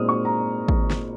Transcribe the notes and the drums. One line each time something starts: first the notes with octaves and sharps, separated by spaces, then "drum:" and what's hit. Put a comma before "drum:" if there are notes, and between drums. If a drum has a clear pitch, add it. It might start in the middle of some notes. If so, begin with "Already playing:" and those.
Already playing: A#2 G#3 C4 D#4 D#6 F6
C#6
A#5
drum: kick
drum: snare